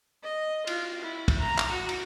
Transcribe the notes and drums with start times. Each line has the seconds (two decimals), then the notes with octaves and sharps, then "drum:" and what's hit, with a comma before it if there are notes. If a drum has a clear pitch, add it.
0.24 D#5
0.67 F4, drum: cymbal
1.02 E4
1.28 drum: kick, cymbal
1.40 A#5
1.58 drum: clap
1.71 F#4
1.89 drum: cymbal